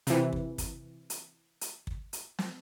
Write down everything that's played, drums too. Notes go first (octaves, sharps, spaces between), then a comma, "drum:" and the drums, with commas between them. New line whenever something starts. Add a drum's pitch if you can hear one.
C3 E3, drum: hi-hat
drum: kick
drum: kick, hi-hat
drum: hi-hat
drum: hi-hat
drum: kick
drum: hi-hat
drum: snare